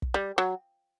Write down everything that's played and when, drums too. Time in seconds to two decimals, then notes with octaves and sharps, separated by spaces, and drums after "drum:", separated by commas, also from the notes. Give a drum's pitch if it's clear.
0.02 drum: kick
0.14 G3
0.38 F#3